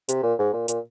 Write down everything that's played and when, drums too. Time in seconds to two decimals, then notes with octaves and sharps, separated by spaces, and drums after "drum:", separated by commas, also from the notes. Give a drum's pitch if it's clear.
0.09 C3, drum: hi-hat
0.23 A#2
0.39 G#2
0.53 A#2
0.68 A#2, drum: hi-hat